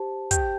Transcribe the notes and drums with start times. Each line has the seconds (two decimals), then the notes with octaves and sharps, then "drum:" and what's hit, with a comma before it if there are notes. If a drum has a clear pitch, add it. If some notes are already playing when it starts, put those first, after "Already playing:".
Already playing: G4 C5 A5
0.31 G4 G5 G6, drum: kick, hi-hat